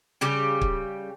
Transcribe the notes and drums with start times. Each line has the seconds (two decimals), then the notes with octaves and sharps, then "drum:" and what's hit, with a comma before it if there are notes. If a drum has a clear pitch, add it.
0.21 C#3 G3 G4
0.61 drum: kick